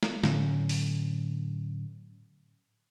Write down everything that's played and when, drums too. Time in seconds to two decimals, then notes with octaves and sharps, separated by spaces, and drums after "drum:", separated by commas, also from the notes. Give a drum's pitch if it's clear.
0.03 drum: snare
0.23 A2 D3 F#3 C#4, drum: snare
0.69 drum: open hi-hat